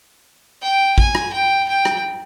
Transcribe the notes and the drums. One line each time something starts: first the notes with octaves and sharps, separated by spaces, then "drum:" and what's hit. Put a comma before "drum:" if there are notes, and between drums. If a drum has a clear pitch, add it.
G5
G#5, drum: kick A1
drum: rim click
G5
G5
drum: rim click